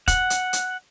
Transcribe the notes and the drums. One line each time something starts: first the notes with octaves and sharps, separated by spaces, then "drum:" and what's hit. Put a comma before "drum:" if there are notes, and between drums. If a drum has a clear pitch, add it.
F#5, drum: kick E1, hi-hat
drum: hi-hat
drum: hi-hat